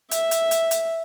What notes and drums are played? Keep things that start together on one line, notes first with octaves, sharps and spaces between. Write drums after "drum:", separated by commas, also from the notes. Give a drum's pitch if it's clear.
E5, drum: hi-hat
drum: hi-hat
drum: hi-hat
drum: hi-hat